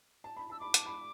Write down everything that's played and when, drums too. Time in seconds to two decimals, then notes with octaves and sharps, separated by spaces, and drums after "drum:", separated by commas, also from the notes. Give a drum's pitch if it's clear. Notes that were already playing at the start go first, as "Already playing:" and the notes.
0.24 A5
0.36 B5
0.50 A5 E6
0.60 B5 D6
0.74 A5, drum: hi-hat
0.86 B5